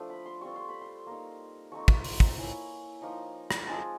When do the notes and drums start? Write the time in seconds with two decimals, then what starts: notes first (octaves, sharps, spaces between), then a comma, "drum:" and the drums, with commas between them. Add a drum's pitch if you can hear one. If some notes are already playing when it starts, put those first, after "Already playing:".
Already playing: F3 A3 D4
0.10 B5
0.25 C6
0.41 G3 C4 F4 C#6
0.56 C6
0.69 B5
0.82 C6
1.07 A#3 D#4
1.72 F3 A3 C4 D#4 C#6
1.88 C6, drum: kick
2.04 B5, drum: open hi-hat
2.20 A#5, drum: kick
2.37 A#3 C#4 E4
3.02 F3 A#3 D#4
3.51 drum: rim click
3.67 F3 G#3 C4 A5